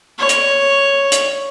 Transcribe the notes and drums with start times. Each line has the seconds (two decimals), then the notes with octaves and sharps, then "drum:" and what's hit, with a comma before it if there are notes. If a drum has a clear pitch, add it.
0.18 C#5
0.29 drum: hi-hat
1.12 drum: hi-hat